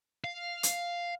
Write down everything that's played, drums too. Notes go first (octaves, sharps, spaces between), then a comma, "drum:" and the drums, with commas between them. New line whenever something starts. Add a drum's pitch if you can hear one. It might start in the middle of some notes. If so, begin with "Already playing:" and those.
F5
drum: hi-hat